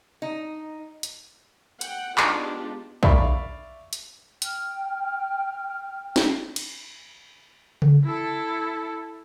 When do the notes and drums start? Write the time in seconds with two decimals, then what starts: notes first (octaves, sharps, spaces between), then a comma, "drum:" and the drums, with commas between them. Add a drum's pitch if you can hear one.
0.22 D#4
1.03 drum: hi-hat
1.81 F#5 G5, drum: hi-hat
2.18 G#3 B3 D4 D#4 F4 G4, drum: clap
3.03 D5 E5 F5 B5 C#6, drum: kick
3.93 drum: hi-hat
4.42 G5 F6, drum: hi-hat
6.16 drum: snare
6.56 drum: cymbal
7.82 drum: tom C#3
8.04 E4 A4